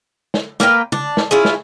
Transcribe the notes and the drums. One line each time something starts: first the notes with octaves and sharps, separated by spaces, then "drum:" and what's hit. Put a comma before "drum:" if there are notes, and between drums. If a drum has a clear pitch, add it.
drum: snare
A#3 A#4 B4 G5, drum: snare
D4, drum: tom
drum: snare
C#4 E4 F4 G#4
drum: snare